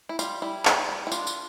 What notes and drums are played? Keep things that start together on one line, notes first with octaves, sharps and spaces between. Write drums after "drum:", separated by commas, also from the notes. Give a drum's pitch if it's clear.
E4
G3 F4, drum: tambourine
G3 E4
D#3, drum: clap
G3
E4
D4 F4, drum: tambourine
drum: tambourine